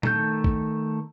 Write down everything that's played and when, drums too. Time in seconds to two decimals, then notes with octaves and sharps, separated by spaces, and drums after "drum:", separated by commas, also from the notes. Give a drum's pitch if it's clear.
0.03 D#3 A3 A4 G6, drum: tom A#2
0.44 drum: kick A#1